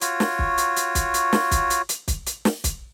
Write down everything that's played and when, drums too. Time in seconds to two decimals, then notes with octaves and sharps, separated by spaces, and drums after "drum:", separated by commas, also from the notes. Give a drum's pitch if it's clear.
0.01 F4 F#4 C#5, drum: hi-hat
0.20 drum: snare
0.39 drum: kick
0.58 drum: hi-hat
0.76 drum: hi-hat
0.95 drum: kick, hi-hat
1.14 drum: hi-hat
1.33 drum: snare
1.51 drum: kick, hi-hat
1.70 drum: hi-hat
1.89 drum: hi-hat
2.08 drum: kick, hi-hat
2.26 drum: hi-hat
2.45 drum: snare
2.64 drum: kick, hi-hat